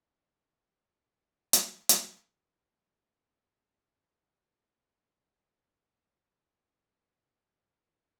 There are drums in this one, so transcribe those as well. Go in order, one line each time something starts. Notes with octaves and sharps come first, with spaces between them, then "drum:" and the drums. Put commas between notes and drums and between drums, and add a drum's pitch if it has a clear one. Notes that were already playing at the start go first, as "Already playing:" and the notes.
C#5
D#4 D#5
drum: hi-hat
drum: hi-hat
C3 C#4 D#4
G2
G#2 B2 F3 G#3
D1 A#1 A2 A3
E3 F#3 B3 C#4
F2 C3 G3
C#3 F3 B3 F#5